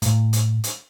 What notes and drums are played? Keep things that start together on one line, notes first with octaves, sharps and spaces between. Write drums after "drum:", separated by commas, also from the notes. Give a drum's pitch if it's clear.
A2, drum: hi-hat
drum: hi-hat
drum: hi-hat